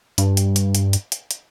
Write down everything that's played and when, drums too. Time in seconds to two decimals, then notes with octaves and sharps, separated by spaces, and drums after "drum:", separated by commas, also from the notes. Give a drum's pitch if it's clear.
0.18 G2, drum: hi-hat
0.37 drum: hi-hat
0.56 drum: hi-hat
0.75 drum: hi-hat
0.93 drum: hi-hat
1.12 drum: hi-hat
1.31 drum: hi-hat